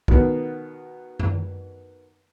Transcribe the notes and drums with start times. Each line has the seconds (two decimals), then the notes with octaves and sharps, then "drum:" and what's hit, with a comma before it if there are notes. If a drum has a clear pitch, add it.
0.08 B2 D#3 B3, drum: kick
1.19 drum: tom F#2